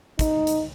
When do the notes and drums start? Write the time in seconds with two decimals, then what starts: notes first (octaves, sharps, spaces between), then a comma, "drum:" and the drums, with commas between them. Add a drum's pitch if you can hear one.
0.19 D#4, drum: kick, hi-hat
0.47 drum: hi-hat